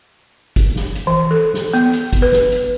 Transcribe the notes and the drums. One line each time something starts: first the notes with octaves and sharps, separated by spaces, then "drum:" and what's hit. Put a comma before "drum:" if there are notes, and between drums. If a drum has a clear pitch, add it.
drum: kick, hi-hat
drum: snare
drum: hi-hat
E3
A4
drum: snare
B3, drum: hi-hat
drum: hi-hat
drum: kick, hi-hat
B4
drum: snare
drum: hi-hat